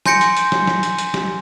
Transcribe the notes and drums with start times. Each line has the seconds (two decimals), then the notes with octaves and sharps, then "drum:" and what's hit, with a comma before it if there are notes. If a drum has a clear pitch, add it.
0.06 G#5 C6 G6 A#6 C#7 D7, drum: snare
0.21 drum: hi-hat
0.37 drum: hi-hat
0.52 drum: snare
0.67 drum: snare
0.83 drum: hi-hat
0.98 drum: hi-hat
1.14 drum: snare